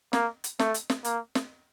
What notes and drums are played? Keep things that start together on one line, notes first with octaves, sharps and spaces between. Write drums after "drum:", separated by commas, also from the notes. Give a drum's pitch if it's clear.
A#3, drum: snare
drum: hi-hat
A3, drum: snare
drum: hi-hat
drum: snare
A#3, drum: hi-hat
drum: snare